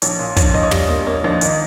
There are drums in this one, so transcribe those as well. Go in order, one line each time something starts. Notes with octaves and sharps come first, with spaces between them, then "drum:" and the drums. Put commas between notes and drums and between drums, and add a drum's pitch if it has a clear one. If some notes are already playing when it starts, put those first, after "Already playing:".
A#1 C#5, drum: hi-hat
A#2
A#1 C#5, drum: kick, hi-hat
A#1 D#5
C#5
G3, drum: tom
A#3
A#3 C#5
A#1 D#5
G#1 D#5, drum: hi-hat